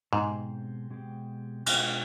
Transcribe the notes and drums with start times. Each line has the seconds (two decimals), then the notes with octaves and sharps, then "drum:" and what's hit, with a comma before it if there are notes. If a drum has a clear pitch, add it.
0.13 G#2 B2 G#3 C4 G4
0.90 B2 G#3 C4 G4
1.66 B2 G#3 D4 F4 G#4, drum: cymbal